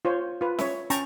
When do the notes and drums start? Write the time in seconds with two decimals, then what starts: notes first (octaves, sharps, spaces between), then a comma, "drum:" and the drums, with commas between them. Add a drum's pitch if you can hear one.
0.05 F4 C5 C#5
0.41 F4 B4
0.59 C#5 E5, drum: snare
0.90 C#4 G5 A5 A#5 C#6, drum: hi-hat